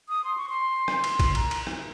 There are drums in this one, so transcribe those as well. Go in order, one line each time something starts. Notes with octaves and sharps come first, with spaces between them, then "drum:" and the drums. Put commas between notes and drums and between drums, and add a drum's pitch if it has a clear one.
D#6
C6
C#6
C6
drum: rim click
drum: cymbal
drum: kick A#1, cymbal
A#5, drum: cymbal
drum: cymbal
drum: rim click